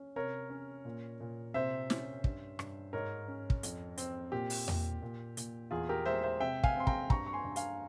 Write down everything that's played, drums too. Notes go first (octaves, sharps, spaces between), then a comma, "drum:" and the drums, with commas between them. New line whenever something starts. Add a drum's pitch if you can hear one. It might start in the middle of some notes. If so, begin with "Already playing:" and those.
Already playing: C#4
C3 A#4 C#5
C#4
A#2
A#2
C3 C5 E5
C#4, drum: snare
G2, drum: kick
G2, drum: rim click
G#2 A#4 C#5
C#4
drum: kick
F2, drum: hi-hat
C4, drum: hi-hat
A#2 G4
drum: open hi-hat
A#2, drum: tom E2
A#2
A#2, drum: hi-hat
E2 F4 G#4
G4 A#4
G#3 C5 E5
C5 E5
C3 E5 G5
F5 G#5, drum: kick
C4 C6
G5 A#5, drum: kick
G2 A#5 C#6, drum: kick
C#6
G#5 C6
G2
F5 G#5, drum: hi-hat